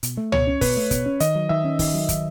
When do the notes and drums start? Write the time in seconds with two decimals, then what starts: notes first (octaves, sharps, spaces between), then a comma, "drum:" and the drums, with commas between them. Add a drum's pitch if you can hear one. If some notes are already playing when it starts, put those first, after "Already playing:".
0.03 B2, drum: hi-hat
0.17 A3
0.32 B2 C#5, drum: tom C#2
0.47 C#4
0.61 B2 B4, drum: kick, open hi-hat
0.76 A3
0.91 B2, drum: kick, hi-hat
1.06 C#4
1.20 D#3 D#5, drum: hi-hat
1.35 F#3
1.49 D#3 E5
1.64 C#4
1.79 D#3, drum: kick, open hi-hat
1.94 F#3
2.09 D#3, drum: kick, hi-hat